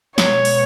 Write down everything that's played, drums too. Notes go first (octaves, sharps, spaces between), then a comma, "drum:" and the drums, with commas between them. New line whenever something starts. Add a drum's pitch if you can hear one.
B2 G#3 B3 C#5, drum: snare
drum: open hi-hat